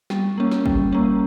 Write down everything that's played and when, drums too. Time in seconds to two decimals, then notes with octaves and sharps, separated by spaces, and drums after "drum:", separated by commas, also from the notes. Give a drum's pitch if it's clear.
0.10 G3, drum: snare
0.38 A#3 C#4
0.51 drum: snare
0.66 G3, drum: kick
0.93 A#3 C#4